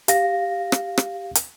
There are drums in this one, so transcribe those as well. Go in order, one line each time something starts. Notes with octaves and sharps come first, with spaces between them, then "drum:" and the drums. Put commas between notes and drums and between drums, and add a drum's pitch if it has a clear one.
G4 F5 A#6, drum: hi-hat
drum: rim click
drum: rim click
drum: hi-hat